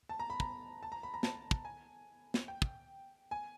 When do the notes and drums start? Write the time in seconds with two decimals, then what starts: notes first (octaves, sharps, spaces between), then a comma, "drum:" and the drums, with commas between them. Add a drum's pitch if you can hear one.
0.09 A5
0.20 A#5
0.30 B5
0.40 A#5, drum: kick
0.83 A5
0.92 A#5
1.03 B5
1.14 A#5
1.23 A5, drum: snare
1.51 drum: kick
1.65 G#5
2.34 drum: snare
2.48 G5
2.62 drum: kick
3.31 G#5